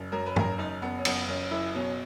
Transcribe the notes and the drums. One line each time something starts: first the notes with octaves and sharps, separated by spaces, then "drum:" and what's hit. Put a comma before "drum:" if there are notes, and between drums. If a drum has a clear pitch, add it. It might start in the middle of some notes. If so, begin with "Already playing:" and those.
Already playing: F#1
F#2 A#4
B4
F#1 A#4, drum: tom
F#1 D#4
F#1 B3
C#4
F#1 B3, drum: cymbal
F#1 C#4
F#1 E4
B2 C#4